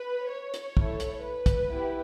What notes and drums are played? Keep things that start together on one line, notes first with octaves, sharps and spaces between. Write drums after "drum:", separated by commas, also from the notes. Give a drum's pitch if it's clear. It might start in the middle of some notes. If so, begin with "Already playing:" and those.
Already playing: B4
C#5
drum: hi-hat
A3 E4 A4, drum: kick
drum: hi-hat
B4
drum: kick, hi-hat
B3 E4 G4